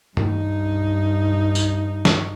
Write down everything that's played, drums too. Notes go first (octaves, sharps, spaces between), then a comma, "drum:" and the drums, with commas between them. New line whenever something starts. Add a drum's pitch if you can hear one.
G2 D#4, drum: tom G2
drum: tambourine
drum: snare